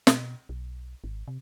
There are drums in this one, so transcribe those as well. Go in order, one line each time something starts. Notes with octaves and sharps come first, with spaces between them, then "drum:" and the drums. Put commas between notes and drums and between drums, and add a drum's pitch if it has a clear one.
B2, drum: snare
B1
G#1
C3